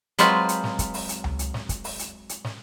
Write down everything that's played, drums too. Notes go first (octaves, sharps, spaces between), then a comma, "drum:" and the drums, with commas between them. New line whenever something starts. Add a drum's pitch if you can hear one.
F#3 G#3 C4 F4 B4, drum: hi-hat
drum: hi-hat
drum: snare
drum: kick, hi-hat
drum: open hi-hat
drum: hi-hat
drum: tom C#2
drum: hi-hat
drum: snare
drum: kick, hi-hat
drum: open hi-hat
drum: hi-hat
drum: hi-hat
drum: snare